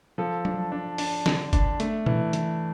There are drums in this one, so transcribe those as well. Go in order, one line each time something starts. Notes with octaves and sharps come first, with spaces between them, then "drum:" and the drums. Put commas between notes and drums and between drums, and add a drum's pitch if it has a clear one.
F3 A4
D4, drum: tom F#3
D4
D4, drum: open hi-hat
D3, drum: snare
D4, drum: kick G1, hi-hat
A3, drum: hi-hat
E3, drum: tom
E3, drum: hi-hat